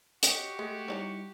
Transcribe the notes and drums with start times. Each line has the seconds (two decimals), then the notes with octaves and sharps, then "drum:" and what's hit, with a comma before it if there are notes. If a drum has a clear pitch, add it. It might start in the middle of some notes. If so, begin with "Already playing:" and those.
0.23 F#4 G4 C#5 D#5 F#5 C#6, drum: hi-hat
0.59 G#3 A3
0.88 G3 D#4 E4 C#5 D5 A#5